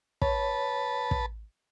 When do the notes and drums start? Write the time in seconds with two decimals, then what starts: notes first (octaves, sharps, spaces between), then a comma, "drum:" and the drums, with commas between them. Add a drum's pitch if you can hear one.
0.22 B4 C#5 A5, drum: kick
1.11 drum: kick